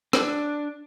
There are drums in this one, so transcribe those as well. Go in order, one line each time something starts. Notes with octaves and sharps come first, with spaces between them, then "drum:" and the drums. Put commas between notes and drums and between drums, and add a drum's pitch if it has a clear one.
D4, drum: rim click